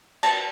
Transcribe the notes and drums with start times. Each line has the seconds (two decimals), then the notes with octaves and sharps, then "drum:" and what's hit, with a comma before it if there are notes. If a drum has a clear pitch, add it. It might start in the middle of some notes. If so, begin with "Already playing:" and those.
0.23 A5, drum: cymbal